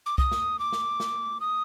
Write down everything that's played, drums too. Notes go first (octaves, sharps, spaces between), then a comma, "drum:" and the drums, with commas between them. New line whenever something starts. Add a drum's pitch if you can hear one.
D6
D#6, drum: kick C2
drum: snare
D6
drum: snare
drum: snare
D#6